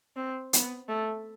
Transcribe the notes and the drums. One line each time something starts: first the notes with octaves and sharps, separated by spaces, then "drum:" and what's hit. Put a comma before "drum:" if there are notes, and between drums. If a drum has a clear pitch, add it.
C4
B3, drum: hi-hat
A3